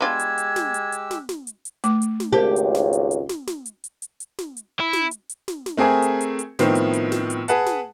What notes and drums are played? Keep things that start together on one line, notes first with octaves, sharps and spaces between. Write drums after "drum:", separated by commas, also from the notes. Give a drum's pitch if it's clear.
G#3 B3 D4 F4 G4 E6 G#6
drum: hi-hat
drum: hi-hat
drum: snare
drum: hi-hat
drum: hi-hat
drum: snare
drum: snare
drum: hi-hat
drum: hi-hat
A3 D6, drum: hi-hat
drum: hi-hat
drum: snare
G#1 C#2 G4 A#4 C5 A5
drum: hi-hat
drum: snare
drum: hi-hat
drum: hi-hat
drum: snare
drum: snare
drum: hi-hat
drum: hi-hat
drum: hi-hat
drum: hi-hat
drum: snare
drum: hi-hat
E4
drum: snare
drum: hi-hat
drum: hi-hat
drum: snare
drum: snare
A3 C4 G#4 A#4 G#5
drum: hi-hat
drum: hi-hat
drum: hi-hat
A2 D#3 F3 B3 C4, drum: snare
drum: hi-hat
drum: hi-hat
drum: snare
drum: hi-hat
G#4 B4 F#5 A5, drum: hi-hat
drum: snare